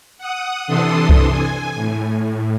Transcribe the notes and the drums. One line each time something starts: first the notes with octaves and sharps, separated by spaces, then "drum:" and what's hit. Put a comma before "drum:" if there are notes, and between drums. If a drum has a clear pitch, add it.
F#5 D#6
C3 E3 D4 A4 C6 D#6
drum: kick C2
G#5
A2